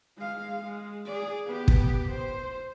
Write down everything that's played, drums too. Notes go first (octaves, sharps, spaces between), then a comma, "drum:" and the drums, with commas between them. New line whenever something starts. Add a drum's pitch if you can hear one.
G#3 F5
G#3
G#4 D5
B3 G4
drum: kick
C5